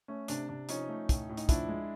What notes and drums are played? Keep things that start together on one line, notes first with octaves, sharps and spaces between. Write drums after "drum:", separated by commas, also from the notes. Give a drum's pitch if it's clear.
A3 C#4
C3 D4, drum: hi-hat
C3 D4
F3 C#4 D#4, drum: hi-hat
A3
A2, drum: kick, hi-hat
A2
D#4, drum: hi-hat
F3 D4 E4, drum: kick, hi-hat
G#3